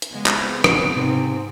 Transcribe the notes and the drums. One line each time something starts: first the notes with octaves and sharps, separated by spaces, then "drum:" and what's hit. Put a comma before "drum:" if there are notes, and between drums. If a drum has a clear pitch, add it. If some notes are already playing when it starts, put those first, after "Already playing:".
drum: hi-hat
C#3 G#3 B3
drum: clap
C4
drum: rim click
G#2 C3